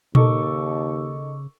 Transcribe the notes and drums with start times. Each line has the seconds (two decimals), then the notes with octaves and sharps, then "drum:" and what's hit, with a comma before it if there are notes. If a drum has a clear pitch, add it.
0.15 D#2 C#3 D#4 A4 A#4 C#6 D6 E6, drum: tom A#2